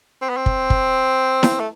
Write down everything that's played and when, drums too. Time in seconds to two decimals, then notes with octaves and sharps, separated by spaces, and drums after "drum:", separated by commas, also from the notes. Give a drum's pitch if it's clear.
0.22 C4
0.29 B3
0.37 C4
0.46 drum: kick
0.70 drum: kick
1.43 drum: snare E4
1.60 A3